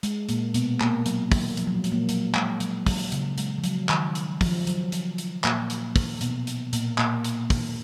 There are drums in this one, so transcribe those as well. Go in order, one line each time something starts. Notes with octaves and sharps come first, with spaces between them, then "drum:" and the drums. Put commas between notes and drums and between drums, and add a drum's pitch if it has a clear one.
G#3, drum: hi-hat
A#2 A#3, drum: hi-hat
B2 B3, drum: hi-hat
A#2 A#3, drum: clap
F#3, drum: hi-hat
F#3, drum: kick, open hi-hat
F3, drum: hi-hat
F#3
F3
G#3, drum: hi-hat
A#2 A#3
F#3, drum: hi-hat
G#3, drum: clap
F#3, drum: hi-hat
F#3, drum: kick, open hi-hat
C#3, drum: hi-hat
G#3, drum: hi-hat
F3
F#3, drum: hi-hat
D#3, drum: clap
drum: hi-hat
F3, drum: kick, open hi-hat
F#3, drum: hi-hat
F3, drum: hi-hat
drum: hi-hat
A#2 A#3, drum: clap
drum: hi-hat
drum: kick, open hi-hat
B2 B3, drum: hi-hat
drum: hi-hat
A#2 A#3, drum: hi-hat
A#2 A#3, drum: clap
drum: hi-hat
drum: kick, open hi-hat